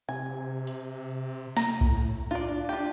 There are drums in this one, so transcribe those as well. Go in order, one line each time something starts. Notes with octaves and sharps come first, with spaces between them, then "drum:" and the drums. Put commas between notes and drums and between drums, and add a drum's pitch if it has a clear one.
C3 G#5
drum: hi-hat
A#5, drum: snare
A2, drum: kick B1
D4 F4 D5
F4 G4